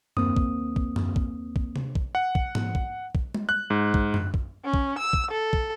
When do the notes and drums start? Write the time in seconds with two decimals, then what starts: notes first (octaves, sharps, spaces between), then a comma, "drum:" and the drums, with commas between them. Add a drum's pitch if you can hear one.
0.17 D#2 A#3 C4 D#6, drum: tom F#2
0.37 drum: kick
0.76 drum: kick
0.96 drum: tom F#2
1.16 drum: kick
1.56 drum: kick
1.76 drum: tom C3
1.95 drum: kick
2.15 F#5
2.35 drum: kick
2.55 drum: tom G#2
2.75 drum: kick
3.15 drum: kick
3.35 drum: tom G#3
3.49 F#6
3.70 G#2
3.94 drum: kick
4.14 drum: tom F#2
4.34 drum: kick
4.64 C#4
4.74 drum: kick
4.98 E6
5.13 drum: kick
5.31 A4
5.53 drum: kick